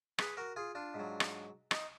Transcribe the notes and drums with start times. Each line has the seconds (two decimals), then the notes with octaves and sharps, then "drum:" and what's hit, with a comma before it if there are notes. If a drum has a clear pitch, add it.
0.18 G#4 B4, drum: rim click
0.37 F#4 A#4
0.56 F4 G#4
0.75 D4 F4
0.94 G#2
0.99 F#3
1.20 drum: rim click
1.71 D#4, drum: rim click